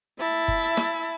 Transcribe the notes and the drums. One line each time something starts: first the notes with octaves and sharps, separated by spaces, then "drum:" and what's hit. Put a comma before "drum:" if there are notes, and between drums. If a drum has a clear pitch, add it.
E4 E5 A5
drum: kick F#1
drum: snare